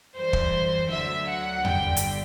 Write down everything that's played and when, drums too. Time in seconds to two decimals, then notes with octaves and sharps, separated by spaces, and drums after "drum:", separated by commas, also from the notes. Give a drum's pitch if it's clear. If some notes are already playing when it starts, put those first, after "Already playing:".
0.15 F#2 E3 G3 C5
0.33 drum: kick
0.90 D2 D3 F#3 E5
1.28 F#5
1.65 G1 G2 D3 G3 G5, drum: tom E2
1.97 drum: hi-hat